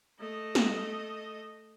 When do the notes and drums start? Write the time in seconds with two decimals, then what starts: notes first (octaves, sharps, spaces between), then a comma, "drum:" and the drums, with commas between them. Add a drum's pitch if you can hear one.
0.19 A3 D#5
0.55 drum: snare